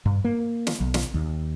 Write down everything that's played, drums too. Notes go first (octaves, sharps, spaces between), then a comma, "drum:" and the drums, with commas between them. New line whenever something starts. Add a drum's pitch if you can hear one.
G2
A#3
drum: snare
B1
drum: snare
D#2